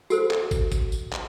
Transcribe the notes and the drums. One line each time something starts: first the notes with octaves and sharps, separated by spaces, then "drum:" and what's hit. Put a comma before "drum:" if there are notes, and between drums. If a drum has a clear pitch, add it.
F#4 A4 C5, drum: tambourine
drum: clap
drum: kick, tambourine
drum: kick, tambourine
drum: tambourine
drum: clap